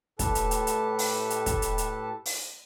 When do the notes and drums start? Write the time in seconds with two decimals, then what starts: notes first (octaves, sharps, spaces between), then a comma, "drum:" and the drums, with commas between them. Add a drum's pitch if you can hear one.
0.19 A2 G4 A4 B4 A5, drum: kick, hi-hat
0.35 drum: hi-hat
0.51 drum: hi-hat
0.67 drum: hi-hat
0.99 drum: open hi-hat
1.30 drum: hi-hat
1.46 drum: kick, hi-hat
1.62 drum: hi-hat
1.78 drum: hi-hat
2.26 drum: open hi-hat